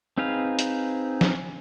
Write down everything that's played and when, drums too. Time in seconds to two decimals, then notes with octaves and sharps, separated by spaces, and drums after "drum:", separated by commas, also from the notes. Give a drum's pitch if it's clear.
0.18 C4 D#4 G#4 B4 F5
0.59 drum: hi-hat
1.21 drum: snare